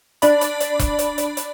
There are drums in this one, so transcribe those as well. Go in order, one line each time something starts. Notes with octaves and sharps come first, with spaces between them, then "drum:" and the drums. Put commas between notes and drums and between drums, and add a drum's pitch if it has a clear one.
D4 D5 B5, drum: hi-hat
drum: hi-hat
drum: hi-hat
drum: kick E1, hi-hat
drum: hi-hat
drum: hi-hat
drum: hi-hat